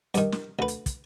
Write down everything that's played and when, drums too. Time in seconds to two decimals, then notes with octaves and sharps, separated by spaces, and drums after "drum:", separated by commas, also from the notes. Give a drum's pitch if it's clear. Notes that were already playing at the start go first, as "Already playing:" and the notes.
0.14 G2 D#3, drum: hi-hat
0.32 drum: snare
0.59 D2 B4
0.68 drum: hi-hat
0.86 drum: kick, hi-hat